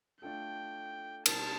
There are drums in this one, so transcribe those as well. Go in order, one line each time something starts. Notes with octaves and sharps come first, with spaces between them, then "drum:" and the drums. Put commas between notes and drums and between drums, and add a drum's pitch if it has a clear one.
A3 D4 F4 A4 G5
B2 G3 C4 D#4 A5, drum: cymbal